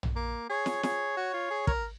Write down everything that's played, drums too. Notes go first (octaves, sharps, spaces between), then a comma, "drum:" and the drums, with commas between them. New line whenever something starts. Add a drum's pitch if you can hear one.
drum: tom A#1
A#3
G#4 C#5
drum: snare
G#4, drum: snare
F#4
F4
G#4
A#4, drum: kick